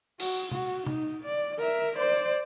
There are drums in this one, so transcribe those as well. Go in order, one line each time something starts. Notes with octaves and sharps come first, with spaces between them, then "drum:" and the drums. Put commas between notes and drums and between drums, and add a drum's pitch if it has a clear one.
F#4, drum: cymbal
F#4, drum: tom C3
D#4, drum: tom C3
D5
A#4 E5
C5 D5